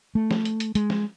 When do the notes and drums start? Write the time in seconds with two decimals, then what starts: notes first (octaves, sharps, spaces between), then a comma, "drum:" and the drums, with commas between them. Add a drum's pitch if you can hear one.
0.15 A3
0.31 drum: snare
0.45 drum: hi-hat
0.60 drum: hi-hat
0.75 G#3, drum: hi-hat
0.90 drum: snare